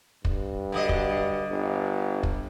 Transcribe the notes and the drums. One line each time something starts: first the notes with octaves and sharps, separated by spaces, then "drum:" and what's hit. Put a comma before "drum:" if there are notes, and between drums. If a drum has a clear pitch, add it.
G2, drum: kick
D3 F#3 D#5
drum: kick
G1
drum: kick